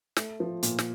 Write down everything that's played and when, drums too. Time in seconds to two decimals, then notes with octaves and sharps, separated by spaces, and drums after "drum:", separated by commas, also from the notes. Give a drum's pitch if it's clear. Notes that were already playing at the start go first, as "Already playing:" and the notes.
0.17 A3, drum: snare
0.40 F3
0.63 A#2, drum: hi-hat
0.79 drum: snare